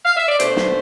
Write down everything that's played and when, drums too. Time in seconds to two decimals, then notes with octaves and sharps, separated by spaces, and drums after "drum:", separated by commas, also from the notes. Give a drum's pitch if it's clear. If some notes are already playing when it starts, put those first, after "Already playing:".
0.05 F5
0.17 E5
0.29 D5
0.40 B2 A3 D4 C5, drum: hi-hat
0.57 drum: snare